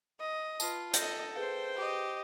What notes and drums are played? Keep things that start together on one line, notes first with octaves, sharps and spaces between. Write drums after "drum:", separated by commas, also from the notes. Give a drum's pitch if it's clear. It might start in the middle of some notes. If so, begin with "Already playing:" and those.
D#5
F4 B4 A5, drum: tambourine
A4 D#5 G6 A#6, drum: hi-hat
G#4 B4 C5 F5 G5
G4 D#5